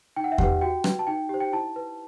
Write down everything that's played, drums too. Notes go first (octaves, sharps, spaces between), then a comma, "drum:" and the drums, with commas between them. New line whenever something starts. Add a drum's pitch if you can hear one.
D#4 G5
F#5
E5
G4 B4 F#5, drum: kick E2
F#4 G5
B4, drum: rim click
A5
D#4 G5
G4 C5
G5
E4 A5
B4